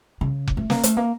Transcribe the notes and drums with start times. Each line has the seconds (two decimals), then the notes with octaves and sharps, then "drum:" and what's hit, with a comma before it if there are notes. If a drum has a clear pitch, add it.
0.21 C#3
0.47 drum: kick F1
0.57 A3
0.70 A#3, drum: snare
0.83 A3, drum: hi-hat
0.97 A#3